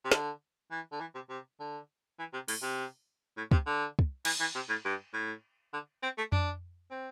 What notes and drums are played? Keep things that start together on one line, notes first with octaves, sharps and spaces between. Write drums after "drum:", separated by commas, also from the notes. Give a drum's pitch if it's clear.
C3
D3, drum: snare
E3
D3
E3
C3
C3
D3
E3
C3
A2, drum: open hi-hat
C3
A2
C3, drum: kick
D3
drum: kick
E3, drum: cymbal
E3
C3
A2
G2
A2
D3
C4
A3
D4, drum: tom F2
C4